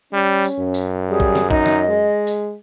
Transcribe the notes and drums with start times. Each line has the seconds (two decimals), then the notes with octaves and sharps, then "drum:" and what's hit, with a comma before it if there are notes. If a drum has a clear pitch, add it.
0.13 G3 C#4
0.44 drum: tambourine
0.59 F#2
0.74 drum: tambourine
1.09 G3 G#4
1.20 drum: kick A#1
1.35 drum: snare
1.51 D#4 D#5, drum: kick A#1
1.66 drum: snare
1.89 G#3
2.27 drum: tambourine